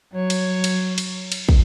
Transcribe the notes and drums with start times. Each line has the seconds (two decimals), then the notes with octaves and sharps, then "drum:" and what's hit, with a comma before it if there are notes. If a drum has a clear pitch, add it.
0.13 F#3 C#5
0.30 drum: cymbal
0.64 drum: cymbal
0.98 drum: cymbal
1.32 drum: cymbal
1.49 drum: kick